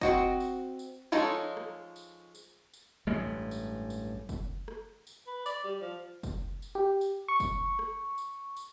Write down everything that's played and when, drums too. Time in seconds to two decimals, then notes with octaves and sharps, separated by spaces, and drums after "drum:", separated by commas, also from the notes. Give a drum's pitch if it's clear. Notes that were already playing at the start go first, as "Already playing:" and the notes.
0.01 C4 F#4 D#5, drum: kick, tambourine
0.40 drum: tambourine
0.79 drum: tambourine
1.12 F3 G#3 C#4 D#4 A4
1.57 drum: rim click
1.96 drum: tambourine
2.35 drum: tambourine
2.74 drum: tambourine
3.07 A1 G2 G#3
3.51 drum: tambourine
3.90 drum: tambourine
4.29 drum: kick, tambourine
4.68 drum: rim click
5.07 drum: tambourine
5.27 B4
5.46 D5, drum: tambourine
5.64 G3
5.81 F3
6.23 drum: kick, tambourine
6.62 drum: tambourine
6.75 G4
7.01 drum: tambourine
7.28 C#6
7.40 drum: kick, tambourine
7.79 drum: rim click
8.18 drum: tambourine
8.57 drum: tambourine